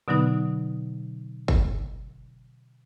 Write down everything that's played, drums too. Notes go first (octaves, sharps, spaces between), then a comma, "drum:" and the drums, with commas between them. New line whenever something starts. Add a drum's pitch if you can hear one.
B2 D3 F#3 B3 D#4 D#6
drum: kick